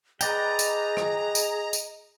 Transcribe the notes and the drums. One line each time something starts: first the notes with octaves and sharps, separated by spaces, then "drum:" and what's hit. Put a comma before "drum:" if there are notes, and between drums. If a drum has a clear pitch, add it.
G#4 B4 D5 D#5 G5 A#5, drum: tambourine
drum: tambourine
drum: rim click
drum: tambourine
drum: tambourine